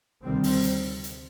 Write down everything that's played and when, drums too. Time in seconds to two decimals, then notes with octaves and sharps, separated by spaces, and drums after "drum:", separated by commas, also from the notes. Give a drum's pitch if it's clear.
0.23 D2 C3 D#3 G3 C4
0.44 drum: open hi-hat
0.64 drum: hi-hat
1.04 drum: hi-hat